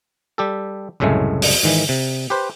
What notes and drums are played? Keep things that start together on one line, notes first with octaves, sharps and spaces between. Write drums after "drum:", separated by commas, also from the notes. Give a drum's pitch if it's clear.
G3 G4 A4
C2 F#2 A2 C#3 G#3 A3
drum: open hi-hat
G#2 D#3 E3
C3
G4 B4 C5